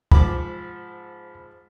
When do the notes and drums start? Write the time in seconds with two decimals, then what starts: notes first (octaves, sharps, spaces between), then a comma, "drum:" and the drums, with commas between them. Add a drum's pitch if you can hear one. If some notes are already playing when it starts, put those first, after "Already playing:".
0.12 G#2 F3 B5 D6, drum: kick